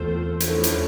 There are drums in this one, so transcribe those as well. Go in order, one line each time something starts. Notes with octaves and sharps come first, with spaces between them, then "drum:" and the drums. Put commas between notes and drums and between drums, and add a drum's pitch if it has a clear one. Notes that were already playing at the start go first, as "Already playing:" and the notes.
Already playing: E2 A3 C4 F4 A4 C5
D3 F3 A3 C#4 E4, drum: hi-hat
drum: hi-hat